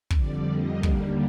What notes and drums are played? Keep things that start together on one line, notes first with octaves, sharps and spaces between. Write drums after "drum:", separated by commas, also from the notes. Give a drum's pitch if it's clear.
F2 D3 G3 D5, drum: kick
F2 D3 G3 A#3 D#5
D#2 D3 G3 A#3, drum: kick